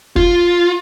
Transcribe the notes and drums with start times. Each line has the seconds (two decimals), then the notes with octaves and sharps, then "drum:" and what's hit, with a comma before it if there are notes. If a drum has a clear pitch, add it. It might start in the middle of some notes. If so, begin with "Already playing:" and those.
0.16 F4, drum: kick